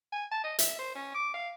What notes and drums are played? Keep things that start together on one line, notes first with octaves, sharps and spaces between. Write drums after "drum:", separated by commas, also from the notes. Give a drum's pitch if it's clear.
G#5
A5
D#5
E5, drum: hi-hat
C5
C#4
D6
F5